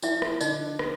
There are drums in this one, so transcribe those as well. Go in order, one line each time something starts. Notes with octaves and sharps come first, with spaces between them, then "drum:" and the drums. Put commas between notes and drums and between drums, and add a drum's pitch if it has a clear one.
F3 E4 E5, drum: tambourine
drum: rim click
D3 D#4 D#5, drum: tambourine
B3, drum: rim click